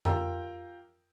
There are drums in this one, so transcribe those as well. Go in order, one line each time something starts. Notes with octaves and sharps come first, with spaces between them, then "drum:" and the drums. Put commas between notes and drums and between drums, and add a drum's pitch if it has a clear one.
F4 G4 A#4 G5 A#5 E6, drum: tom F2